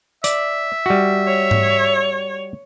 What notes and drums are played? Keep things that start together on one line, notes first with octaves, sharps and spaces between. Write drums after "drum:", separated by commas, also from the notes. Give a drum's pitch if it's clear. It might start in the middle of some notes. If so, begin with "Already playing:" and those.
D5 E5, drum: hi-hat
G3 F#4
C#5
drum: tom G#2